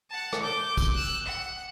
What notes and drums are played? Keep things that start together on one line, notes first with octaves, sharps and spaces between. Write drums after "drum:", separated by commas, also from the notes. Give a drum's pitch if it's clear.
F#5 A5
drum: rim click
D6 G6
drum: kick, tambourine
E6 F#6
F#5